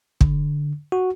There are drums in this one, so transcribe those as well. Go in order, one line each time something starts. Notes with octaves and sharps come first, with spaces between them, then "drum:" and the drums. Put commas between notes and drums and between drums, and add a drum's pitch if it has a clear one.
D3, drum: kick
F#4